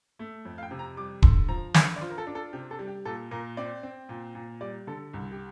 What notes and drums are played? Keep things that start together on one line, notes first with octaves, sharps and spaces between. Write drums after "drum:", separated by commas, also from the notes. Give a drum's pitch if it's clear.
A3
F2
F5
G5
C3
A#5
G3 D6
D3 C6, drum: kick
F3 A#5
D3, drum: snare
D5
F4 C5
A#4
A4
D4
A4
C3 G4
A4
G3
G4
A#2 A4
A#2 A#4
C4 D5
C4
A#2
A#2
G3 D5
D3 A4
C2
G4